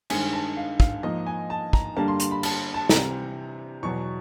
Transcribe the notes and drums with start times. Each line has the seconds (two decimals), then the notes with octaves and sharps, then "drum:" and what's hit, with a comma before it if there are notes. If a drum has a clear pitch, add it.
0.10 G2 D#3 G#3 G#5, drum: cymbal
0.33 A5
0.57 F5
0.80 F5, drum: kick
1.03 G#2 F3 A#3 D#5
1.26 G#5
1.50 A5
1.73 A#5, drum: kick
1.96 G2 D3 G3 A#3 A5
2.08 C6
2.20 C6, drum: hi-hat
2.31 B5
2.43 A5, drum: cymbal
2.74 A5
2.89 C3 E3 G3 C4 A#5, drum: snare
3.83 E2 B2 F#3 C#6